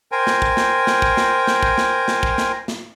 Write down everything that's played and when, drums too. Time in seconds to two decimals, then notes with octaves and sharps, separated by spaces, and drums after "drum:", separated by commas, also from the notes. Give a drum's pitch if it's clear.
0.12 A#4 C5 G5 G#5
0.27 drum: snare
0.42 drum: kick
0.57 drum: snare
0.87 drum: snare
1.02 drum: kick
1.17 drum: snare
1.47 drum: snare
1.63 drum: kick
1.78 drum: snare
2.08 drum: snare
2.23 drum: kick
2.38 drum: snare
2.68 drum: snare